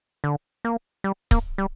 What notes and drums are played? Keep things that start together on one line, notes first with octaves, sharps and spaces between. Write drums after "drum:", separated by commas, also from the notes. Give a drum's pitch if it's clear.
D3
A#3
G3
A#3, drum: kick C#1
G3